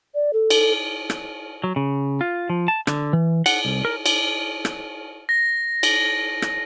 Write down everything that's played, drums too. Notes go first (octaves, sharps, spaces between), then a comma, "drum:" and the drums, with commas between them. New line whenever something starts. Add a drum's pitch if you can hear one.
D5
A4
drum: cymbal
drum: rim click
F#3
C#3
F4
F3
A5
D3, drum: rim click
E3
F#5, drum: cymbal
C2
A#4
drum: cymbal
drum: rim click
A#6
drum: cymbal
drum: rim click